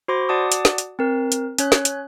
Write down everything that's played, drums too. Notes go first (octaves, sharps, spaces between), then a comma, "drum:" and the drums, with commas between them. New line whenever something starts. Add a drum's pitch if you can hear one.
F#4 C5 B5 C6 D6 A#6
F#4 D5 F#5 A5 D6 D#6
drum: hi-hat
drum: snare
drum: hi-hat
C4 A#4
drum: hi-hat
C#4 C#5 F#6, drum: hi-hat
drum: snare
drum: hi-hat